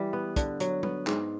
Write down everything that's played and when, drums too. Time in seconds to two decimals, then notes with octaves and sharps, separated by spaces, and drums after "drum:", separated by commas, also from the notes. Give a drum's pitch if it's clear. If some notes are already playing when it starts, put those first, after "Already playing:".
Already playing: E3 G3
0.13 B3
0.36 D3, drum: kick, hi-hat
0.60 F#3, drum: hi-hat
0.83 B3, drum: tom
1.07 G#2, drum: clap